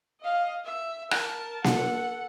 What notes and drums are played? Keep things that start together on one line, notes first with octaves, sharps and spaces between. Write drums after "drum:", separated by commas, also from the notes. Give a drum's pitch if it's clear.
D#5 F5
E5
A#4 A5, drum: rim click
A4 F#5, drum: snare A#3